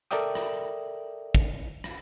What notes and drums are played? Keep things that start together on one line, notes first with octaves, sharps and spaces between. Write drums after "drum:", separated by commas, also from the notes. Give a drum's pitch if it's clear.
A4 A#4 D5 E5 G5 D#6
drum: rim click
drum: kick
drum: rim click